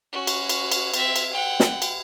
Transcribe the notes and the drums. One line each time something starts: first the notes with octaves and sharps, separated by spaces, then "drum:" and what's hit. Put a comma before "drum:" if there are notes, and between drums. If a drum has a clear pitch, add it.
C#4 F#4
drum: cymbal
drum: cymbal
drum: cymbal
C4 E5, drum: cymbal
drum: cymbal
F#5 G5
drum: snare
drum: cymbal